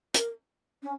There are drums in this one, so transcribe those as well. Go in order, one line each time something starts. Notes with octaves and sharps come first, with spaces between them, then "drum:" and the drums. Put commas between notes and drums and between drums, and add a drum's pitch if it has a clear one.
A#4, drum: hi-hat
C#4